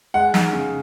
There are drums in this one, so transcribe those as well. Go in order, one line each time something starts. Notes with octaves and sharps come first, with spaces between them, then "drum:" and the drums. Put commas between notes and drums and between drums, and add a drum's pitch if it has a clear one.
G#3 F#5
D#4, drum: snare
C#3